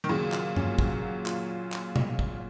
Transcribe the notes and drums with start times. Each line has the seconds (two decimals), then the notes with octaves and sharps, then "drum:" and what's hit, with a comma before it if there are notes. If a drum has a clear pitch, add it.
0.04 D#3
0.09 A#2 C#3 F#3
0.32 F4, drum: clap
0.56 C#4, drum: tom G2
0.78 F#3, drum: kick
1.03 F#3
1.26 F4, drum: clap
1.72 drum: clap
1.96 drum: tom B2
2.19 drum: kick